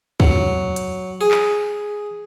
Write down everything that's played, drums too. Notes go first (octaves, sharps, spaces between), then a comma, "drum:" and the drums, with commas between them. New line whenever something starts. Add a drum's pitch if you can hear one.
F#3, drum: kick
drum: hi-hat
G#4
drum: clap